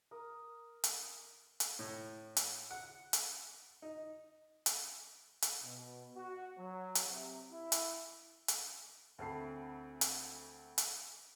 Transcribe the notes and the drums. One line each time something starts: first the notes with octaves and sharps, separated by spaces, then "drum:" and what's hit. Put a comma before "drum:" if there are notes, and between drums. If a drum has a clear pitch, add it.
A#4 D#6
drum: hi-hat
drum: hi-hat
A2
drum: hi-hat
F#5
drum: hi-hat
D#4
drum: hi-hat
drum: hi-hat
B2
F#4
F#3
drum: hi-hat
C3
E4
drum: hi-hat
drum: hi-hat
D2 A3 C4 A5 B5 C7
drum: hi-hat
drum: hi-hat